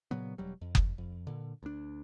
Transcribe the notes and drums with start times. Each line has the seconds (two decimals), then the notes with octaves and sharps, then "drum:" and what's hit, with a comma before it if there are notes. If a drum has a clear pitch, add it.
0.11 A#2 C#3 F#3 B3
0.38 E1 F#3 G3
0.61 F2
0.75 drum: kick F#1
0.98 F2
1.27 A#2 D3
1.63 D2 D4